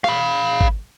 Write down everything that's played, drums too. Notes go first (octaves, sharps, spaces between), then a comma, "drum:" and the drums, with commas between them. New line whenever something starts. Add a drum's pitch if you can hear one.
F5 B5, drum: rim click
drum: kick G#1